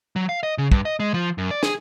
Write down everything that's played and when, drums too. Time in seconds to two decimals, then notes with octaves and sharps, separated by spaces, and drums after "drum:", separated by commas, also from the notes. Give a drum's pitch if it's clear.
0.16 F#3
0.29 F5
0.43 D#5
0.58 C#3
0.72 G2, drum: kick
0.85 D#5
1.00 G#3
1.14 F3
1.38 F#2
1.51 D5
1.63 G#4, drum: snare